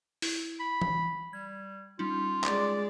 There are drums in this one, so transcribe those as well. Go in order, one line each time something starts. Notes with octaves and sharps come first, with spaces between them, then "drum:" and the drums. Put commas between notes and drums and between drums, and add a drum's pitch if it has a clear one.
E4, drum: open hi-hat
B5
drum: tom E3
G3 G#6
G3 C#4 D#4 F4
G#3 D5, drum: clap